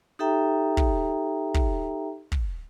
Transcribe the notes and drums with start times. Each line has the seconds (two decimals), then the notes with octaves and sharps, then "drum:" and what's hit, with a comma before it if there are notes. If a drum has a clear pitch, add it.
0.19 D#4 G4 A4 E5 G5 A#5
0.77 drum: kick
1.54 drum: kick
2.32 drum: kick